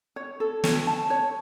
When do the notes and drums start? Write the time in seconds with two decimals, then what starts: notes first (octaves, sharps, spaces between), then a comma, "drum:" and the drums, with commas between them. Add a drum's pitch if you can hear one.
0.16 C#5
0.40 A4
0.64 C#5, drum: snare
0.87 A5
1.10 C#5